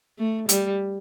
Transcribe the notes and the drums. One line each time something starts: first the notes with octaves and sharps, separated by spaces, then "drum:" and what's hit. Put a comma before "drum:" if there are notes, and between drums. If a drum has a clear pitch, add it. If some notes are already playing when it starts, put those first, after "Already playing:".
A3
G3, drum: hi-hat